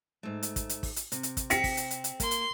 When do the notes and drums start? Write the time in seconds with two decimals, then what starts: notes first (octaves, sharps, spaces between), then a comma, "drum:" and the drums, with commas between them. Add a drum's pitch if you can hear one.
0.23 G#2 A3
0.43 drum: hi-hat
0.56 drum: kick, hi-hat
0.69 drum: hi-hat
0.83 drum: kick, open hi-hat
0.96 drum: hi-hat
1.12 C3, drum: hi-hat
1.23 drum: hi-hat
1.37 drum: kick, hi-hat
1.50 C4 A#6 B6 C#7, drum: hi-hat
1.64 drum: kick, open hi-hat
1.77 drum: hi-hat
1.91 drum: hi-hat
2.04 drum: hi-hat
2.20 A#3 C6, drum: kick, hi-hat
2.31 drum: hi-hat